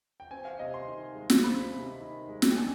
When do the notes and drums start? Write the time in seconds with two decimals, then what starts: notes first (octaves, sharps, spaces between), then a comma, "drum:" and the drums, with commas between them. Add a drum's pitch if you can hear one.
0.20 G5
0.31 C4 G#5
0.45 F5
0.59 C3 D#5
0.74 C6
0.88 D#3
1.15 G#3
1.30 drum: snare
1.44 C4 B5
1.72 C3
2.00 D#3
2.29 G#3
2.42 drum: snare
2.51 G5
2.56 D4 G#5